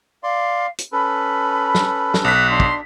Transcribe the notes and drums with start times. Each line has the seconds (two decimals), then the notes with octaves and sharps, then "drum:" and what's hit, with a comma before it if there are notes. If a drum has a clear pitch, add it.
0.23 D5 F5 C6
0.78 drum: hi-hat
0.93 C#4 A4 B4 B5
1.75 drum: snare
2.14 drum: snare
2.25 B1 F#6 B6
2.50 D4 C6
2.60 drum: kick